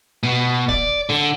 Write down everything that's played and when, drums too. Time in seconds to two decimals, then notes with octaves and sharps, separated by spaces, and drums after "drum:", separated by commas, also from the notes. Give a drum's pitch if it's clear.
0.23 B2
0.69 D5, drum: kick
1.09 D3